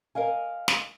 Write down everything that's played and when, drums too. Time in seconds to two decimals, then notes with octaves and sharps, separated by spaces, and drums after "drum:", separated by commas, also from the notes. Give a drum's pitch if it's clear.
0.15 A#4 D#5 F5 G#5
0.68 drum: snare